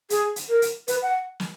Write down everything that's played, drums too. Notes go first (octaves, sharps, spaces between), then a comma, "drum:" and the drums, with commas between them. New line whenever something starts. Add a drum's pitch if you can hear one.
G#4, drum: hi-hat
drum: hi-hat
A#4
drum: hi-hat
B4, drum: hi-hat
F#5
drum: snare